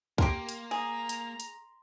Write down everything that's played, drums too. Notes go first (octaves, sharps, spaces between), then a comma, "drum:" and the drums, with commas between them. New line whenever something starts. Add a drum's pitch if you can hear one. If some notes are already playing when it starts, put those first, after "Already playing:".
A#3 G4 A#4 C6, drum: kick C#2
drum: hi-hat
G#4 A#5
drum: hi-hat
drum: hi-hat